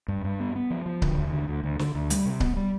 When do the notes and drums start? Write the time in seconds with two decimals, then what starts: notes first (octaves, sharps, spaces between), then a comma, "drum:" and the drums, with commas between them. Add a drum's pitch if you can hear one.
0.08 G2
0.24 G2
0.40 B3
0.56 B3
0.70 F3
0.86 F3
1.02 D3, drum: kick C#1
1.17 D#2
1.32 D3
1.48 D2
1.63 D2
1.79 D3, drum: snare
1.95 D2
2.10 G3, drum: hi-hat
2.25 C3
2.40 B3, drum: kick C#1
2.56 G3